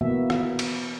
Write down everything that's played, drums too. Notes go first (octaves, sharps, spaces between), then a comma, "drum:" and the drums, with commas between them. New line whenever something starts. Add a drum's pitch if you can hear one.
B2 E3 A#3 B3 F#4 E5
drum: rim click
drum: cymbal